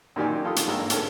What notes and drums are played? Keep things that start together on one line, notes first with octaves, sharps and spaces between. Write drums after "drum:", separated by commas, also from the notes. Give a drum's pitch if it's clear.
F#2 A#2 D#3 G4 D5 G#5
D#3 F4 A4 C6 D#6
drum: hi-hat
G#1 G2 A#3 F#5 A#5 E6
G#2 D3 C#4 A4 A#4, drum: hi-hat